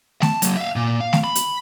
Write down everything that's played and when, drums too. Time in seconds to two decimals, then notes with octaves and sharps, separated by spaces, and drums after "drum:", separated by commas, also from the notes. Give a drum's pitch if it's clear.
0.22 A5, drum: snare A3
0.42 F#3 A#3, drum: hi-hat
0.56 E5 F5
0.76 A#2
1.00 F5
1.13 drum: snare A3
1.24 B5
1.35 drum: hi-hat